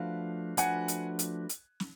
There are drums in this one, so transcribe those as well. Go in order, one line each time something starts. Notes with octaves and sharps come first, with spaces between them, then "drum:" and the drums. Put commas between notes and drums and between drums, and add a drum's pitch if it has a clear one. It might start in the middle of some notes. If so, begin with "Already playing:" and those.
Already playing: F3 A3 D4 F#4 B4 F5
F3 A3 D4 F#4 B4 F#5 G#5, drum: hi-hat
drum: hi-hat
drum: hi-hat
drum: hi-hat
drum: snare